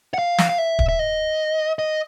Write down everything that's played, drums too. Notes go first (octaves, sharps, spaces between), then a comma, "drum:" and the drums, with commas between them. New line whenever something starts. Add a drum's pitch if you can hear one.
F#5
F5
drum: snare
F5
E5
drum: kick
E5
D#5
D#5